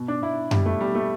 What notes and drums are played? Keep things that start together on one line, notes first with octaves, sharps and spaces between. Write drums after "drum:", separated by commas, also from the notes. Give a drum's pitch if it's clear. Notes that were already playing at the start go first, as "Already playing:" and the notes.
Already playing: B2
D4
B2 E4
B2 G3, drum: tom F#2
A3
B2 G3
A3